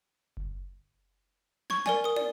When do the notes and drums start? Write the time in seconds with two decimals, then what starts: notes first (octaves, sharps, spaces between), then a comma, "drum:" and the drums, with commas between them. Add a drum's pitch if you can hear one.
0.37 drum: kick F#1
1.70 C#6 G#6, drum: snare
1.86 A#4 D5 G#5, drum: snare
2.04 A#4 D#6
2.16 D5, drum: tom